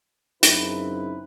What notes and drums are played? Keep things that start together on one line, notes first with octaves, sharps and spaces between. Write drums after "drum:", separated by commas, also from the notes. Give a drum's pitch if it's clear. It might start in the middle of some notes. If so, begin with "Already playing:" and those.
F#2 C#3 C4 D#4 E4 B4, drum: hi-hat